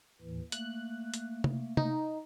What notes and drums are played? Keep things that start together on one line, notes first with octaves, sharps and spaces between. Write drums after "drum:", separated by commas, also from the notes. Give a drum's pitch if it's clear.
D#2 A2 E3
A3 A#3 F#6, drum: hi-hat
drum: hi-hat
drum: tom C3
D#4, drum: tom C3